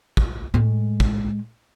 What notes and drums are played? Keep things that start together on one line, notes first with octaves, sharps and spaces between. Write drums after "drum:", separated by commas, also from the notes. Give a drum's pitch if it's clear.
drum: kick
A2 G#3
drum: kick